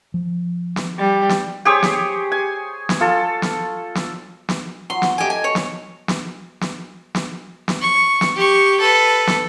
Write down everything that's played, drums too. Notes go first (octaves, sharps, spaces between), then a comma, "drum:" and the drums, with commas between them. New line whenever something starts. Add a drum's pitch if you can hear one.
F3
drum: snare
G3
drum: snare
G4 G#4 C5 C#5
drum: snare
G#5
drum: snare
F4 A4
drum: snare
drum: snare
drum: snare
F#3 C6
drum: snare
G4 A4 D#5 E5 G#5
G#5
C#5
drum: snare
drum: snare
drum: snare
drum: snare
drum: snare
C#6
drum: snare
G4 C#6
A4 B4
drum: snare